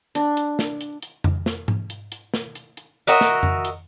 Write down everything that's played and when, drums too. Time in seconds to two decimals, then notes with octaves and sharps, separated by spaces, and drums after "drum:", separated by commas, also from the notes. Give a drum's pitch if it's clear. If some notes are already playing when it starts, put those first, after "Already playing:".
0.15 D4, drum: hi-hat
0.37 drum: hi-hat
0.59 drum: snare
0.81 drum: hi-hat
1.03 drum: hi-hat
1.24 drum: tom F2
1.46 drum: snare
1.68 drum: tom G#2
1.90 drum: hi-hat
2.12 drum: hi-hat
2.34 drum: snare
2.55 drum: hi-hat
2.77 drum: hi-hat
3.07 F#4 A#4 D#5 E5
3.21 drum: snare
3.43 drum: tom F2
3.65 drum: hi-hat